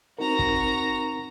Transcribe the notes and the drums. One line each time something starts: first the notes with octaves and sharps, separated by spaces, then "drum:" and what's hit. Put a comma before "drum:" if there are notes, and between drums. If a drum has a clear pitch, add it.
C4 D#4 F#4 A#4 A#5
drum: kick